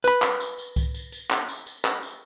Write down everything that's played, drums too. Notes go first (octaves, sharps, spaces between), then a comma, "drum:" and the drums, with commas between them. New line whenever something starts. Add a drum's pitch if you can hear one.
B4 B5, drum: tambourine
drum: clap
drum: tambourine
drum: tambourine
drum: kick C2, tambourine
drum: tambourine
drum: tambourine
drum: clap
drum: tambourine
drum: tambourine
drum: clap
drum: tambourine